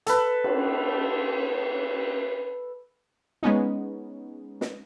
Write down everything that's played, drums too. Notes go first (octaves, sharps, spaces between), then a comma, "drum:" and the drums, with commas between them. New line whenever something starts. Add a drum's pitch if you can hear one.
A4 B4, drum: hi-hat
drum: cymbal
G#3 B3 C#4 D#4
drum: snare